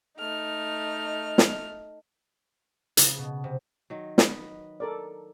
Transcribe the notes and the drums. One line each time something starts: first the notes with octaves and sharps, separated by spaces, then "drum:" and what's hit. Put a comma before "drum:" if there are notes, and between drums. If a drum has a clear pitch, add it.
A3 D#4 F6
drum: snare
C#3, drum: hi-hat
B2
C3
D#3 F#3
B4 D#5, drum: snare
A4 A#4 D5